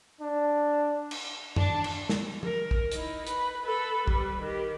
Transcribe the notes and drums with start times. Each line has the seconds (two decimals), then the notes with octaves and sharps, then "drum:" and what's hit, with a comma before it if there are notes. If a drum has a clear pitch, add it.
0.21 D4
1.11 drum: cymbal
1.56 D4, drum: tom
1.84 drum: cymbal
2.09 drum: snare
2.43 A#4, drum: tom
2.71 drum: kick
2.92 D#4 E4, drum: hi-hat
3.27 B4, drum: hi-hat
3.65 A4 B4
4.08 G3 B4, drum: kick
4.41 D#3 G4